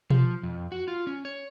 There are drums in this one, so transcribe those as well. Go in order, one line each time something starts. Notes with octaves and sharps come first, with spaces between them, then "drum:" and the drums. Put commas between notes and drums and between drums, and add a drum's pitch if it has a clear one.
F3, drum: tom B2
F2
F#4
F4
C#4
C#5